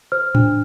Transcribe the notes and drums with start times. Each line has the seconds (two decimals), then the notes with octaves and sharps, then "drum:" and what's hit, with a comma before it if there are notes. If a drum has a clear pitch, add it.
0.12 C5 F6
0.35 D4, drum: tom A2